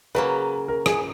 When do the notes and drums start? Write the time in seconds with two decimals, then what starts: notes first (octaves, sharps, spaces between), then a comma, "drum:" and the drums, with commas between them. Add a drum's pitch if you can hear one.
0.15 C#3 F#3 A#3 B4
0.68 A#4
0.86 G#4, drum: rim click